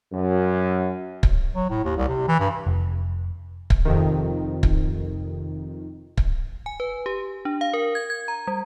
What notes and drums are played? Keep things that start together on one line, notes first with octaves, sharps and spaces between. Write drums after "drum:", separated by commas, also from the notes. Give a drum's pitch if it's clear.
F#2
drum: kick
F#3
A2
D#2
C2
C3
E3
G2
F1
drum: kick
F2 C3 D#3
drum: kick
drum: kick
G#5
B4
G4
D4
F5
A#4
G#6
G#6
A#5
G3